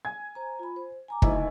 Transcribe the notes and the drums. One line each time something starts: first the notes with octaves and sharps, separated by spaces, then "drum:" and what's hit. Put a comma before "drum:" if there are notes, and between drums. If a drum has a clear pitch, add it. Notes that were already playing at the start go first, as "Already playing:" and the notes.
G#5 G#6
C5 A#5
F4 B5
C5
G#5 A#5 D6
F#1 D2 D#4 E4 D#5 G#5, drum: kick